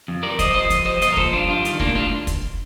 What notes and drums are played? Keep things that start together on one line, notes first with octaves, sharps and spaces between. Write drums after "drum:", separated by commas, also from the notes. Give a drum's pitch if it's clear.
F2
G3 A#4 D5
G3 C5 D#5, drum: kick, hi-hat
F3 C5 D#5
F3, drum: kick, hi-hat
G3 C5 D#5
A#2 C5 D#5, drum: hi-hat
A#4
F3 A4 C5, drum: kick
G2 D4 F4
G3 D4 F4
D#3, drum: hi-hat
A2 A#3 D4, drum: kick
G3 D4 F4
drum: kick, hi-hat